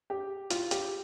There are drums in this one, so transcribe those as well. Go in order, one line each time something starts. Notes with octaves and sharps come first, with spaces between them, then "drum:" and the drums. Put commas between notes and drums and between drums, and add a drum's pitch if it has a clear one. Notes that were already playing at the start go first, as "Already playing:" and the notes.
G4
F4, drum: hi-hat
G4, drum: hi-hat